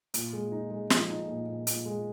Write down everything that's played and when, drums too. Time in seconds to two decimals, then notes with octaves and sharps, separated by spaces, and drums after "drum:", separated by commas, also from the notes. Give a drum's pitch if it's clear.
0.14 A#2, drum: hi-hat
0.33 G#3
0.52 D#4
0.71 G#3
0.90 F3, drum: snare
1.09 D#4
1.28 A#2
1.48 A#2
1.67 A#2, drum: hi-hat
1.85 G#3